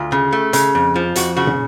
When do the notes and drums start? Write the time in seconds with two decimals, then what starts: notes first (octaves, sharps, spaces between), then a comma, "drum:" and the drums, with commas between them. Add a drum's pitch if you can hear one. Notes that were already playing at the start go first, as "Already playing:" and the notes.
Already playing: D2 F4
0.12 C#3
0.33 A3
0.53 C#3, drum: hi-hat
0.75 F2
0.96 F3
1.16 F2 F#4, drum: hi-hat
1.37 C#3 F#4
1.47 drum: tom